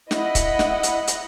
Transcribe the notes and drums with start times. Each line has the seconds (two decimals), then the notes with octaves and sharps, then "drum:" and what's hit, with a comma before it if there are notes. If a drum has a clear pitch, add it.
0.11 E4 D#5 F#5 B5, drum: snare
0.35 drum: kick C#1, hi-hat
0.59 drum: snare
0.83 drum: hi-hat
1.07 drum: hi-hat